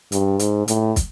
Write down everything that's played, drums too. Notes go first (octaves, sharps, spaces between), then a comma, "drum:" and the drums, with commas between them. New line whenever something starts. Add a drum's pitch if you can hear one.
G2, drum: hi-hat
G#2, drum: hi-hat
A2, drum: hi-hat
drum: kick, hi-hat